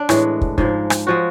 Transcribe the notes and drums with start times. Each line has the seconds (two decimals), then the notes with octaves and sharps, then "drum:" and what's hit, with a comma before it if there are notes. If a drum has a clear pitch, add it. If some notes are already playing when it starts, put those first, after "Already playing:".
Already playing: D4
0.09 A2 E3 G#3, drum: rim click
0.41 drum: kick
0.58 G#2 F3 G#3, drum: kick
0.90 drum: rim click
1.07 F3 G#3 F#4